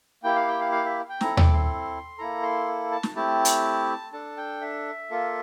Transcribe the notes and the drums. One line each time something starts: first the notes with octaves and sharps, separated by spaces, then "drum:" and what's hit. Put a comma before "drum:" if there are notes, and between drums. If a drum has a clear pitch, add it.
A#3 E4 G4 G5
F5
G5
F5
F5
E5
G5
C4 E4 A4 A#5, drum: snare
D6, drum: tom D#2
C6
A#3 E4 A4 A#5
C6
A5
drum: snare
A3 C4 E4 G4 A5
drum: hi-hat
D4 A4 A5
G5
E5
A#3 F4 A4